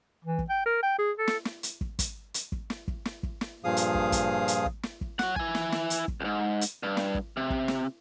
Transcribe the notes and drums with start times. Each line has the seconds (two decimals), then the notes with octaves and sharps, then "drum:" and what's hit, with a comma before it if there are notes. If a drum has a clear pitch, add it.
0.25 E3
0.39 drum: kick
0.49 G5
0.66 A#4
0.83 G5
0.99 G#4
1.18 A4
1.28 drum: snare
1.45 drum: snare
1.63 drum: hi-hat
1.81 drum: kick
1.99 drum: kick, hi-hat
2.34 drum: hi-hat
2.52 drum: kick
2.70 drum: snare
2.88 drum: kick
3.05 drum: snare
3.23 drum: kick
3.41 drum: snare
3.64 G2 A#2 F3 G#4 F5 D#6
3.77 drum: hi-hat
3.94 drum: kick
4.12 drum: kick, hi-hat
4.48 drum: hi-hat
4.66 drum: kick
4.83 drum: snare
5.01 drum: kick
5.19 C#5 F#5, drum: snare
5.36 E4 G#5, drum: kick
5.55 drum: snare
5.72 drum: snare
5.90 drum: hi-hat
6.08 drum: kick
6.21 C#2 G#2
6.61 drum: hi-hat
6.83 G2
6.97 drum: snare
7.15 drum: kick
7.37 C3
7.50 drum: kick
7.68 drum: snare